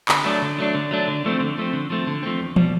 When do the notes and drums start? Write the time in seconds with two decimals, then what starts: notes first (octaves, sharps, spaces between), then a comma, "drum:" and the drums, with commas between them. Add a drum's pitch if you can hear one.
0.08 D3, drum: clap
0.24 F#3 A3 D4
0.42 D3
0.58 F#3 A3 D4
0.75 D3
0.91 F#3 A3 D4
1.08 D3
1.25 F3 A3 C4
1.40 D3
1.58 F3 A3 C4
1.73 D3
1.90 F3 A3 C4
2.07 D3
2.23 F3 A3 C4
2.39 E2
2.56 B2 G3, drum: tom E3